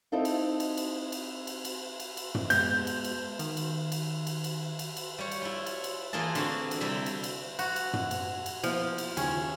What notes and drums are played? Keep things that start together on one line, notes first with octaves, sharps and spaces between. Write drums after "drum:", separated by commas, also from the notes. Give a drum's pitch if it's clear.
C4 D#4 E4 A4 F5
drum: cymbal
drum: cymbal
drum: cymbal
drum: cymbal
drum: cymbal
drum: cymbal
drum: cymbal
drum: cymbal
drum: tom
G#3 B3 G6, drum: cymbal
drum: cymbal
drum: cymbal
D#3, drum: cymbal
drum: cymbal
drum: cymbal
drum: cymbal
drum: cymbal
drum: cymbal
drum: cymbal
G3 C#5
drum: cymbal
E4 F4
drum: cymbal
drum: cymbal
E3 A#3 F4 G#4 A5
D3 C4 F#4, drum: cymbal
drum: cymbal
C3 G3 E4 G4
drum: cymbal
drum: cymbal
F#4, drum: cymbal
drum: cymbal
drum: tom
drum: cymbal
drum: cymbal
F3 A#3 B3 E4, drum: cymbal
drum: cymbal
D#2 C#3 C#4 G5, drum: cymbal